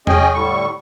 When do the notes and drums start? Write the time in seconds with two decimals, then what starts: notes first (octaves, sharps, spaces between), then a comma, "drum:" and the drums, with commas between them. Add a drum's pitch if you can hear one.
0.07 C#4 G#4 D#5 G5 G#5, drum: tom E2
0.34 A2 D3 G3 C#6